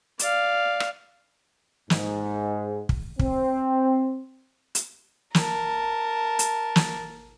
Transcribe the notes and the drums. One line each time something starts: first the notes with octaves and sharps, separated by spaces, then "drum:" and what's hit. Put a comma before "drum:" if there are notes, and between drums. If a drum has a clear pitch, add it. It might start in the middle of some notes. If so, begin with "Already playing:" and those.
D5 F5, drum: hi-hat
drum: rim click
G#2, drum: snare
drum: kick
C4, drum: kick
drum: hi-hat
A#4 A5, drum: snare
drum: hi-hat
drum: snare